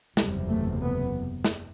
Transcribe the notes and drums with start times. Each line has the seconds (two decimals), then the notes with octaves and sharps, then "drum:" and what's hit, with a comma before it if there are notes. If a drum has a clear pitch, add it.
0.17 F#1 E2 C3 G3, drum: snare
0.49 A3
0.81 B3
1.44 drum: snare